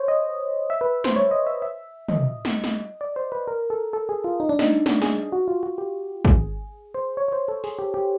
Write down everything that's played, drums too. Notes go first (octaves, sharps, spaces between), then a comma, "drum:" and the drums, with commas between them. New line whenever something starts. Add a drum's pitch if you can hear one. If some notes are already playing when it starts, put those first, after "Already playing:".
Already playing: C5 C#5
D#5
E5
B4
C5, drum: snare
C#5
D#5
E5
E5
D#5, drum: tom
drum: snare
drum: snare
D5
C5
B4
A#4
A4
A4
G#4
F4
D#4
D4
D#4, drum: snare
D4, drum: snare
G#4, drum: snare
F#4
F4
F#4
G4
G#4, drum: kick
C5
C#5
C#5
C5
A4
G#4, drum: open hi-hat
G4
G4